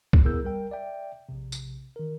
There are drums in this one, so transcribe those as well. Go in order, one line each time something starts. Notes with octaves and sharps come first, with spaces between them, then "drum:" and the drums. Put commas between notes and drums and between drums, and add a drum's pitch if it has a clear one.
drum: kick C2
B3 E4 G#4 A#4 E6 G6
G3 A#4 G5
D5 E5 G5
A#1 C3
drum: tambourine
D#3 A#4